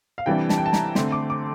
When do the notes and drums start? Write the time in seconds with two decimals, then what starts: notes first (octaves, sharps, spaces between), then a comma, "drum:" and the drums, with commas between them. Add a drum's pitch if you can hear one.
0.18 F5
0.26 C3 E3 G3 D4 G5
0.49 A5, drum: snare
0.58 G5
0.66 A5
0.73 A#5, drum: snare
0.95 D3 A3 C4 C6, drum: snare
1.12 D6
1.30 D6